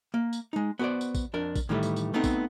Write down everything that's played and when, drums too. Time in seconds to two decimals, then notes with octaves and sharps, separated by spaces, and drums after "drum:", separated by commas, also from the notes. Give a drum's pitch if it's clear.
0.14 A#3
0.33 drum: tambourine
0.53 G#3 D#4
0.79 B3 F#4 A#4 C5 D5
1.01 drum: tambourine
1.15 drum: kick, tambourine
1.34 F2 D4 A#4
1.55 drum: kick, tambourine
1.69 A2 D#3 E3 G3 A3
1.83 drum: tambourine
1.96 drum: tambourine
2.14 A3 B3 C4 D#4 A4
2.24 drum: kick, tambourine